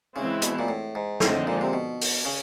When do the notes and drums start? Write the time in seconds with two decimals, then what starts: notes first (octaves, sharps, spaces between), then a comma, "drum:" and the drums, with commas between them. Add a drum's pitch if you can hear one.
0.16 C#3 E3 G#3 C4 E4
0.42 B2, drum: hi-hat
0.59 A#2
0.68 A2
0.95 G#2
1.20 A2 D3 F3 G#3 C4 D#4, drum: snare
1.47 A#2
1.61 C3
1.73 B2
2.01 drum: open hi-hat
2.25 C#3